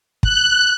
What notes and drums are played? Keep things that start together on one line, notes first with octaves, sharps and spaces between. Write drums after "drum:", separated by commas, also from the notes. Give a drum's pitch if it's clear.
F#6, drum: kick